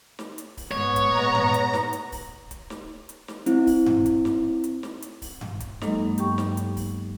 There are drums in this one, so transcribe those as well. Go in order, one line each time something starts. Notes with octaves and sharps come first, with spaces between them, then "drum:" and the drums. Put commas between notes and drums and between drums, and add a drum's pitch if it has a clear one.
drum: snare
drum: hi-hat
drum: kick D1, open hi-hat
G#2 B3 C#5
drum: kick D1, hi-hat
A#2 G#3 A#5
drum: tom G2
drum: hi-hat
drum: snare
drum: hi-hat
drum: kick D1, open hi-hat
drum: kick D1, hi-hat
drum: snare
drum: hi-hat
drum: snare
C4 E4, drum: hi-hat
drum: kick D1, open hi-hat
drum: tom G2
drum: kick D1, hi-hat
drum: snare
drum: hi-hat
drum: snare
drum: hi-hat
drum: kick D1, open hi-hat
drum: tom G2
drum: kick D1, hi-hat
F#3 G#3 A#3 D#4 A4 D#5, drum: snare
G2
G2 B3 G4 G5 C#6, drum: hi-hat
drum: snare
drum: hi-hat
drum: kick D1, open hi-hat